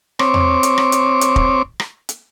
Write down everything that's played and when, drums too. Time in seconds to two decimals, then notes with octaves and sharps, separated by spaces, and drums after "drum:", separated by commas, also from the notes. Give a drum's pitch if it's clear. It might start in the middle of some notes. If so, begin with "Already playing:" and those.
0.19 C4 C#5 D6, drum: rim click
0.34 drum: tom E2
0.63 drum: hi-hat
0.78 drum: rim click
0.92 drum: hi-hat
1.21 drum: hi-hat
1.36 drum: kick
1.80 drum: rim click
2.09 drum: hi-hat